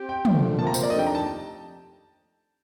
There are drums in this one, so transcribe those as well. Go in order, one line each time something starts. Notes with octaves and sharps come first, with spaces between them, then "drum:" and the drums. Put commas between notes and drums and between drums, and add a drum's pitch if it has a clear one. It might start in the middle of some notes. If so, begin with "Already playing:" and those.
Already playing: C4 G4
G5
D2 D3 F3 A3, drum: tom
C3 F3 A#3 A5
A#5
C5, drum: tambourine
D5
F2 D#3 A3 D4 G4 D#5
G5
A#5
A5